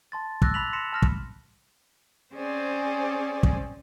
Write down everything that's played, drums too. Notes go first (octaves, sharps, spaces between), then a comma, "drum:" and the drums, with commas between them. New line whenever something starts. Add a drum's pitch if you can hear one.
A5 C6 A6
D6 E6 F#6 A6 A#6, drum: kick
B5 A#6 B6 F7 F#7
C6 A#6 B6 C#7 E7
A5 F6 A#6
drum: kick
C4 C#4 G#4 C5 D5
drum: kick